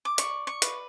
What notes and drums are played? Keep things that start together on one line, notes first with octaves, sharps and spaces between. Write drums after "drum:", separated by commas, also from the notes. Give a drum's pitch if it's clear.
D6
D5 C#6, drum: hi-hat
C#6
B4, drum: hi-hat